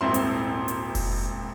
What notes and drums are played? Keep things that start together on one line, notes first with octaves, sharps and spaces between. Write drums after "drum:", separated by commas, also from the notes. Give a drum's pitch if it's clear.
D#1 G#1 C4 E4 C6
drum: hi-hat
drum: hi-hat
drum: kick F1, open hi-hat